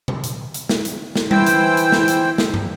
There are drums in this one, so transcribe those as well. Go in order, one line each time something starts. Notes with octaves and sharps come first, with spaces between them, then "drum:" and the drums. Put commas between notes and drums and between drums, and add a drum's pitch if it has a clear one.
drum: tom A#2
drum: hi-hat
drum: hi-hat
drum: snare
drum: hi-hat
drum: snare
E3 E4 C5 G5 E6, drum: tom G3
drum: hi-hat
drum: hi-hat
drum: snare
drum: hi-hat
drum: snare
drum: tom